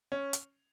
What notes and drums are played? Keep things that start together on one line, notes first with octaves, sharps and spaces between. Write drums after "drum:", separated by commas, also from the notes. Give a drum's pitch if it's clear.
C#4
drum: hi-hat